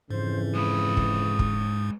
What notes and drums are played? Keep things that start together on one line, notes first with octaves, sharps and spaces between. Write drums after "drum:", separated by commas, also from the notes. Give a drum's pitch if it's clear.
F2 G#2 C#3 E3 C5
G#3 B4 D#6
drum: kick
drum: kick